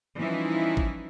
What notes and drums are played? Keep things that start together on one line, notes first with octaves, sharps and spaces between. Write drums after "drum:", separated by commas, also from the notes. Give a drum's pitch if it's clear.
E3 F3 G3 C#4 D#4 E4
drum: kick